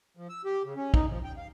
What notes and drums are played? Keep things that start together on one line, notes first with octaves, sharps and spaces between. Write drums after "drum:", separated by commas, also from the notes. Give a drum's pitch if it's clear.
F3
E6
G4
C#3
C#4
D#4, drum: kick
F3
G5
F5